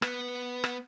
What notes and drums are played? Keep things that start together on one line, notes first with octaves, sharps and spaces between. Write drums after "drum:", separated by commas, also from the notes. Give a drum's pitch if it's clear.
B3, drum: rim click
drum: rim click